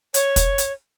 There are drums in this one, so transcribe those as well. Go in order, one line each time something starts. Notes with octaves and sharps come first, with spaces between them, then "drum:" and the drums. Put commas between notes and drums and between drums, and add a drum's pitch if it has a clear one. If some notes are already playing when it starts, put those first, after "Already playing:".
C#5, drum: hi-hat
drum: kick, hi-hat
drum: hi-hat